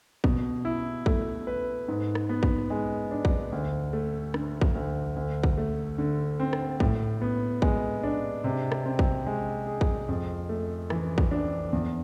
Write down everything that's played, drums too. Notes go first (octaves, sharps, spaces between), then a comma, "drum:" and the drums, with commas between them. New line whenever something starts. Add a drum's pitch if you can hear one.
B2, drum: kick
E4
A3, drum: kick
B4
G#2
drum: rim click
B3
drum: kick
G#3
D4
drum: kick
D2
A3
D3, drum: rim click
drum: kick
D2
D2
drum: kick
A3
D3
C4
drum: rim click
A2, drum: kick
B3
G#3, drum: kick
D4
C3
drum: rim click
C4
drum: kick
G#3
G#4
drum: kick
F2
A3
E3, drum: rim click
drum: kick
D4
E2